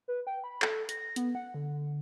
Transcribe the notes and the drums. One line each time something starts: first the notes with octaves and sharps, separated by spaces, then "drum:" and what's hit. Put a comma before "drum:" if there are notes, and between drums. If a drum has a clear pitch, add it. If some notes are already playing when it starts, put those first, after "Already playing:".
B4
G5
B5
A4, drum: clap
A#6, drum: hi-hat
B3, drum: hi-hat
F#5
D3